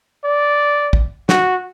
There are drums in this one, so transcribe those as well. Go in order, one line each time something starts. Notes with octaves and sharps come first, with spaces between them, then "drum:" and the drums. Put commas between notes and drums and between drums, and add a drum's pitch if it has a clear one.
D5
drum: kick
F#4, drum: snare